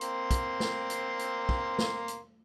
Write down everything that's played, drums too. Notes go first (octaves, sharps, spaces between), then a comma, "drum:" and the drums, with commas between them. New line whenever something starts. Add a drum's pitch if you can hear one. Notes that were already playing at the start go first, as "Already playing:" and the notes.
A#3 C4 C6, drum: hi-hat
drum: kick, hi-hat
drum: snare
drum: hi-hat
drum: hi-hat
drum: kick
drum: snare
drum: hi-hat